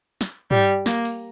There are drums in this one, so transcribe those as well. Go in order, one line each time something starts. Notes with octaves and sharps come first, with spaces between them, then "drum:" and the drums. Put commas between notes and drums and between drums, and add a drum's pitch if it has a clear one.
drum: snare
G3, drum: tom
A#3, drum: snare
drum: open hi-hat